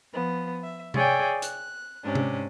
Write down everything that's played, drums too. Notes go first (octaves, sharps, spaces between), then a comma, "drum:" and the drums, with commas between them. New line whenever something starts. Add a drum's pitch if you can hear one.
F3 B3
E5
G#4 C#5 D5 E5 G5 G#5, drum: tom C3
F#6, drum: hi-hat
G#2 C3 C#4 D4
drum: tom C3